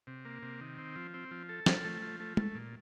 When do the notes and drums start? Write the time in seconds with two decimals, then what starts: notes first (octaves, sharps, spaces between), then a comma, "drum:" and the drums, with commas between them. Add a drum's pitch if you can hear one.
0.07 C3
0.25 A#3
0.42 C3
0.61 D#3
0.78 C4
0.96 F3
1.14 C4
1.31 F3
1.49 A4
1.66 F3, drum: snare
1.85 A3
2.02 F3
2.20 A3
2.37 A3, drum: tom
2.55 A#2